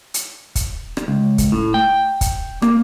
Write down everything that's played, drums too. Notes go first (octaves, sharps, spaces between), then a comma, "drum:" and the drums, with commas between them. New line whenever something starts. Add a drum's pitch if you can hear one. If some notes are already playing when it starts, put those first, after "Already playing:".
drum: hi-hat
drum: kick, hi-hat
drum: rim click
C#2
drum: kick, hi-hat
A2
G5
drum: kick, hi-hat
A#3, drum: rim click